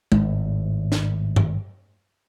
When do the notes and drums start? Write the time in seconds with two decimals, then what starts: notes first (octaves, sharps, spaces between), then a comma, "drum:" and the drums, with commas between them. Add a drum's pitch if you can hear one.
0.12 G#1 A2, drum: tom G#3
0.92 drum: snare
1.36 drum: tom G2